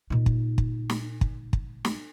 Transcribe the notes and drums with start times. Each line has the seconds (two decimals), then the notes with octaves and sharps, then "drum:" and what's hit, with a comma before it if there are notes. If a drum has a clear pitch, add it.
0.10 A#2 D#4
0.26 drum: kick
0.58 drum: kick
0.90 drum: snare
1.21 drum: kick
1.53 drum: kick
1.85 drum: snare